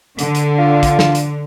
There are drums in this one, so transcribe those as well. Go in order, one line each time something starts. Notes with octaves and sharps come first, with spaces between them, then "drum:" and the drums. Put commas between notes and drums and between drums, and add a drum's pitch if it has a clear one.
D3, drum: hi-hat
drum: hi-hat
F4
drum: kick, hi-hat
drum: snare
drum: hi-hat